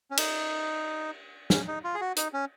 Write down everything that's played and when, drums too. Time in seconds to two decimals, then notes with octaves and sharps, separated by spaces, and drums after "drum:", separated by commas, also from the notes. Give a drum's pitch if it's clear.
0.11 C#4
0.17 D#4, drum: cymbal
1.50 C#4, drum: snare
1.67 D#4
1.84 F4
1.95 G#4
2.01 F#4
2.16 D#4, drum: hi-hat
2.33 C#4